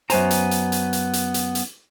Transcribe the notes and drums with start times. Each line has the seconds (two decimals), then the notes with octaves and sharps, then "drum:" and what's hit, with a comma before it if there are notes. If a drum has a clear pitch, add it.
0.10 F#2 B3 C5 G#5 A#5, drum: hi-hat
0.30 drum: hi-hat
0.51 drum: hi-hat
0.72 drum: hi-hat
0.93 drum: hi-hat
1.13 drum: hi-hat
1.34 drum: hi-hat
1.55 drum: hi-hat